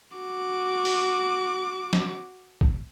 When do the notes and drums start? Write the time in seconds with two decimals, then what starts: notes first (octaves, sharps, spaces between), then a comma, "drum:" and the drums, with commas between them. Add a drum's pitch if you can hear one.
0.16 F#4 D6
0.85 drum: open hi-hat
1.93 drum: snare
2.61 drum: kick